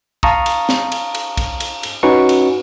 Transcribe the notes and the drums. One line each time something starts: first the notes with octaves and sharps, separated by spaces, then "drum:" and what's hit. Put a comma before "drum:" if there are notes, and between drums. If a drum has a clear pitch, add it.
F5 A5 A#5 C#6 D#6, drum: kick
drum: cymbal
drum: snare
drum: cymbal
drum: cymbal
drum: kick, cymbal
drum: cymbal
drum: cymbal
C#4 D#4 F#4 B4 C#6
drum: cymbal